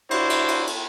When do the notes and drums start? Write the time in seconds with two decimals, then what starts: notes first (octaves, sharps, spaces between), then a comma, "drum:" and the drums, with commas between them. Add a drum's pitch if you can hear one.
0.11 D4 E4 F#4 C5, drum: cymbal
0.30 drum: cymbal
0.48 drum: cymbal
0.67 drum: cymbal